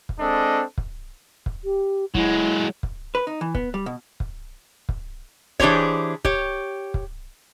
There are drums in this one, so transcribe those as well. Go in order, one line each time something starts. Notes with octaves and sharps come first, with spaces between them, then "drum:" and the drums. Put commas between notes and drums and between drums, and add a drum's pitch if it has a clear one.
drum: kick
G#3 C4 D4 A4 D#5
drum: kick
drum: kick
G4
F#3 G#3 E4, drum: kick
drum: kick
B4
D#4
E3
B3, drum: kick
G3
B2
drum: kick
drum: kick
E3 D4 G4 G#4 C5 C#5, drum: kick
G4 C#5, drum: kick
drum: kick